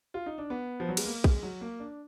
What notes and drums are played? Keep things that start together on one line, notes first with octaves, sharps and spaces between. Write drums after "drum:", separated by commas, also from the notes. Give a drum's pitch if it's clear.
F4
D#4
D4
B3
F3
F#3
G#3, drum: cymbal
A#3
G#3, drum: kick
F#3
A#3
D4